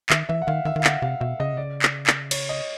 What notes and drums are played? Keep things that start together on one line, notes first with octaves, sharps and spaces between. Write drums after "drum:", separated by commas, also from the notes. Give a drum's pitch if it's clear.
D#3 E5, drum: clap
E3 E5
F#5
D#3 F5
D#3 E5
D#3
F5
D3 F#5, drum: clap
C3 F5
B2 E5
C#3 D#5
C3
C#3 D5
drum: clap
drum: clap
C#5, drum: cymbal
D#5